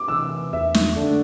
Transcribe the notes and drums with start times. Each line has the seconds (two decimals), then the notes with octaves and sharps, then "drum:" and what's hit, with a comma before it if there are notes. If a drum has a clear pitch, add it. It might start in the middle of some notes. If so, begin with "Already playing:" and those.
Already playing: D6
0.08 C3 E3 E6
0.53 E2 E5
0.74 drum: snare
0.96 D3 A3 D4